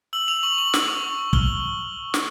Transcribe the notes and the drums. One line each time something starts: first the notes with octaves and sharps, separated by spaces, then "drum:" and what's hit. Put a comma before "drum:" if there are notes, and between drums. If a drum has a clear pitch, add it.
E6 F#7
E6 F7
C#6 F#7
C#6 F#7
E6, drum: snare
C#6
C#6
C#6
F6 G7, drum: kick
drum: snare